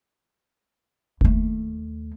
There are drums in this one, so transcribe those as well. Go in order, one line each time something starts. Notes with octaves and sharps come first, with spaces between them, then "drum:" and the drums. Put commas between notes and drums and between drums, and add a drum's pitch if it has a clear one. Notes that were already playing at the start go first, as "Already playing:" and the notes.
D#2 A3, drum: kick F1